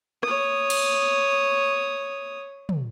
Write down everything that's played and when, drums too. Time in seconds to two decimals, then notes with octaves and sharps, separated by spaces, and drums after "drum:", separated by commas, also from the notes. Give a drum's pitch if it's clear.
0.23 C#5 D#6, drum: rim click
0.70 drum: cymbal
2.69 drum: tom